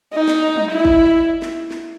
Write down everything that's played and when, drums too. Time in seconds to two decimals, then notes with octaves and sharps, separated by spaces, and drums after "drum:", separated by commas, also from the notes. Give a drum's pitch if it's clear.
0.14 D#4
0.28 drum: snare
0.56 drum: tom
0.71 E4
0.85 drum: kick
1.42 drum: snare
1.71 drum: snare